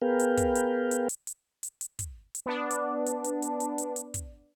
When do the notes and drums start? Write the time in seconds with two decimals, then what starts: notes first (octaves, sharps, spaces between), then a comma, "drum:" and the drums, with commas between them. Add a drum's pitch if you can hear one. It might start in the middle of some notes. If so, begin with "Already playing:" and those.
0.02 B3 G#4 A#4 B4 F5 G5
0.19 drum: hi-hat
0.37 drum: kick, hi-hat
0.55 drum: hi-hat
0.91 drum: hi-hat
1.09 drum: hi-hat
1.27 drum: hi-hat
1.63 drum: hi-hat
1.81 drum: hi-hat
1.99 drum: kick, hi-hat
2.35 drum: hi-hat
2.46 B3 D4
2.71 drum: hi-hat
3.06 drum: hi-hat
3.24 drum: hi-hat
3.42 drum: hi-hat
3.60 drum: hi-hat
3.78 drum: hi-hat
3.96 drum: hi-hat
4.14 drum: kick, hi-hat